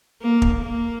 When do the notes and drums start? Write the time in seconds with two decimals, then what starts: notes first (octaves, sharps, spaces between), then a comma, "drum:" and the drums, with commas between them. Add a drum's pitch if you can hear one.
0.22 A#3
0.42 drum: kick
0.62 A#3